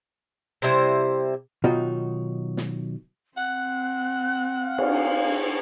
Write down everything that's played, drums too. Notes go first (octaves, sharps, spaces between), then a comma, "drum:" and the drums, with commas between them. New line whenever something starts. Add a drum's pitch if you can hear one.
C3 G3 E4 C5
B2 D#3 F#3 D#4 F4 F#4
drum: snare
C4 F#5 F#6
F5
drum: cymbal